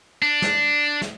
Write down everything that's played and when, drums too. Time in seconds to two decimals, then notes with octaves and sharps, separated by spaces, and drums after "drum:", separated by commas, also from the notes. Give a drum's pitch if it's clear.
0.22 D4
0.42 drum: snare
1.02 drum: snare